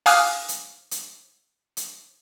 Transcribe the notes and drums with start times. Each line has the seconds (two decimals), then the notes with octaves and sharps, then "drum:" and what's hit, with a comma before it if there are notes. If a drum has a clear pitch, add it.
0.06 F5 G#5 D6 D#6 F6 F#6, drum: open hi-hat
0.49 drum: hi-hat
0.91 drum: hi-hat
1.77 drum: hi-hat